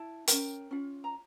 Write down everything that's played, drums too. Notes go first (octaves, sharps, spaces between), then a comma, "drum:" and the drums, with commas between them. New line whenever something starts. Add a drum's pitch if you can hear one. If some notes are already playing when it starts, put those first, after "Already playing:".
Already playing: E4 A5
C#4 F4 A#4 G5, drum: hi-hat
C#4 F4
A#5